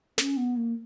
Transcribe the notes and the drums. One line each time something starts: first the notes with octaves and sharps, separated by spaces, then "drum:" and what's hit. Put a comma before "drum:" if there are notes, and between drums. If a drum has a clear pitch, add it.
C#4, drum: snare
B3
A#3